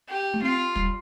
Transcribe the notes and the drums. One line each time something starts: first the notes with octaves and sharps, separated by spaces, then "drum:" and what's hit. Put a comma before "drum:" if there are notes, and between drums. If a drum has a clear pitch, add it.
G4
A3
C4 F4
G3, drum: kick